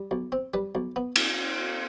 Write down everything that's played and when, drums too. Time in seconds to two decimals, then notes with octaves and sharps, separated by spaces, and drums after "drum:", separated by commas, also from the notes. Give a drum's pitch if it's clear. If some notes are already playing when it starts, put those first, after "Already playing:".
Already playing: G3
0.11 B1
0.32 C4
0.54 G3 B4
0.75 B1
0.96 B3
1.16 drum: cymbal